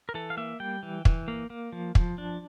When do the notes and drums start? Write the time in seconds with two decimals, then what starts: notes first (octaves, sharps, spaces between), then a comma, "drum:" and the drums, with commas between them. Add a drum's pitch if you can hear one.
0.09 A#4
0.14 E3 A4
0.30 F5
0.37 A#3 E5
0.60 G3 G5
0.83 E3
1.05 E3, drum: kick
1.28 A#3
1.50 A#3
1.72 F3
1.95 F3, drum: kick
2.18 D4